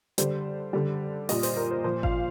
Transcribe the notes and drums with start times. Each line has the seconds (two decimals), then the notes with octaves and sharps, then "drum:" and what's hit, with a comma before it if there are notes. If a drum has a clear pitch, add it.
0.18 D3 G3 C5, drum: hi-hat
0.73 D3 G3
1.29 A#2 G3 D#5, drum: open hi-hat
1.43 C5, drum: open hi-hat
1.57 A#4
1.71 C5
1.84 A#2 F3 C5
2.03 F5, drum: kick G#1